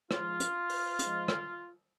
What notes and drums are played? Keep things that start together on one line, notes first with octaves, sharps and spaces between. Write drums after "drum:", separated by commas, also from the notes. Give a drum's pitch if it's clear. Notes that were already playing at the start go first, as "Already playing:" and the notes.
G#2 F3 G#3 F4, drum: rim click
drum: hi-hat
drum: open hi-hat
G#2 F3 G#3, drum: hi-hat
drum: rim click